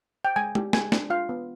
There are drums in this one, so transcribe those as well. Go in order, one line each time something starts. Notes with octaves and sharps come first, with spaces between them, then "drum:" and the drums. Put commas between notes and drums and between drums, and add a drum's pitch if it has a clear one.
G5
G#3 G#5
G4, drum: tom
G#3 G#5, drum: snare
D4, drum: snare
F4 F5
B3